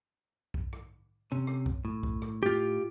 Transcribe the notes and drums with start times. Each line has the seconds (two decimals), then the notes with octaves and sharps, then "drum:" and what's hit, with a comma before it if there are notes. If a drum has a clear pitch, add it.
0.54 drum: kick B1
0.73 drum: rim click
1.32 C3 C#4
1.47 drum: rim click
1.66 drum: kick B1
1.85 A2
2.03 drum: kick B1
2.22 drum: rim click
2.43 F4 G4